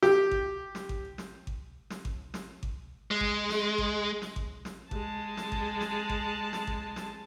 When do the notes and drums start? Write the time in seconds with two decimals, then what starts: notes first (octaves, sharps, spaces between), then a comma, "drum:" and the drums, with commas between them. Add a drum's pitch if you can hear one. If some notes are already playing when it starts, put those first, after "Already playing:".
0.03 G4, drum: snare
0.31 drum: kick G#1
0.75 drum: snare
0.89 drum: kick G#1
1.18 drum: snare
1.47 drum: kick G#1
1.90 drum: snare
2.05 drum: kick G#1
2.34 drum: snare
2.63 drum: kick G#1
3.11 G#3
3.20 drum: kick G#1
3.49 drum: snare
3.78 drum: kick G#1
4.22 drum: snare
4.36 drum: kick G#1
4.65 drum: snare
4.91 G#3 A5, drum: kick G#1
5.37 drum: snare
5.52 drum: kick G#1
5.81 drum: snare
6.10 drum: kick G#1
6.53 drum: snare
6.67 drum: kick G#1
6.96 drum: snare